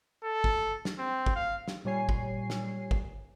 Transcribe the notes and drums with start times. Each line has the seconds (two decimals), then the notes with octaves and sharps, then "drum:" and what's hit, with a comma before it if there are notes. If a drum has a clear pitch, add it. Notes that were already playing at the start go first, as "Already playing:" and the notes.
0.24 A4
0.44 drum: kick
0.85 drum: snare
0.99 C4
1.26 drum: kick
1.36 F5
1.68 drum: snare
1.85 A#2 G3 C#5 G#5 C7
2.09 drum: kick
2.50 drum: snare
2.91 drum: kick